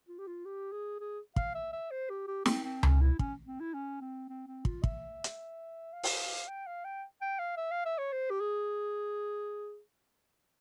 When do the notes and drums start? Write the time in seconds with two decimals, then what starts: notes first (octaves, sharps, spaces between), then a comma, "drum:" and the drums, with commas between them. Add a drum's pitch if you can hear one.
0.08 F4
0.19 G4
0.27 F4
0.46 G4
0.72 G#4
1.00 G#4
1.36 F5, drum: kick
1.55 E5
1.73 E5
1.91 C5
2.10 G4
2.28 G4
2.46 C4, drum: snare
2.64 C4
2.83 C#4, drum: tom C#2
3.01 E4
3.19 C#4, drum: kick
3.46 C4
3.60 E4
3.74 C#4
4.01 C4
4.29 C4
4.47 C4
4.65 F4, drum: kick
4.84 E5, drum: kick
5.24 drum: hi-hat
5.93 F5
6.03 drum: open hi-hat
6.48 G5
6.67 F5
6.85 G5
7.21 G5
7.39 F5
7.57 E5
7.71 F5
7.86 E5
7.99 C#5
8.13 C5
8.31 G4
8.41 G#4